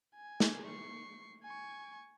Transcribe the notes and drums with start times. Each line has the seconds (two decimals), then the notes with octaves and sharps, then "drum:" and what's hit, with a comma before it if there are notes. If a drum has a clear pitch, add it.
0.15 G#5
0.40 drum: snare
0.66 C#6 C7
1.43 G#5 C#6